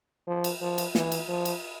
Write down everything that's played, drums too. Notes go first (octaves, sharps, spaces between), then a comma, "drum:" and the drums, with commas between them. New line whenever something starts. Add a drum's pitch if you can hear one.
F3
drum: cymbal
F3
drum: cymbal
E3, drum: snare
drum: cymbal
F3
drum: cymbal